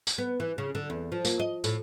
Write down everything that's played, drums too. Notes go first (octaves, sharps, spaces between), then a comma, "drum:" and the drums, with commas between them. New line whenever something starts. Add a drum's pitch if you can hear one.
drum: tambourine
B3
E3
C#3
D3
E2
F3
A#3, drum: tambourine
D#5
A2, drum: tambourine